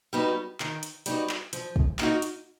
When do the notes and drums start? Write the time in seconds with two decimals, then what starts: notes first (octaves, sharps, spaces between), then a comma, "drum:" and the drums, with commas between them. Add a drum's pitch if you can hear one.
0.13 G3 B3 D#4 F#4
0.60 D#3, drum: clap
0.83 drum: hi-hat
1.06 G3 B3 D#4 F#4, drum: hi-hat
1.29 drum: clap
1.53 F3, drum: hi-hat
1.76 drum: kick
1.99 A#3 D#4 F#4, drum: clap
2.22 drum: hi-hat